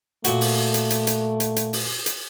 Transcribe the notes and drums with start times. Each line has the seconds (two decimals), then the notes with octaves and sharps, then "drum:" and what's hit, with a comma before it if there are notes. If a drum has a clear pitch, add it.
0.24 A#2 A3 F#4, drum: hi-hat
0.41 drum: open hi-hat
0.74 drum: hi-hat
0.90 drum: hi-hat
1.07 drum: hi-hat
1.40 drum: hi-hat
1.56 drum: hi-hat
1.73 drum: open hi-hat
2.06 drum: hi-hat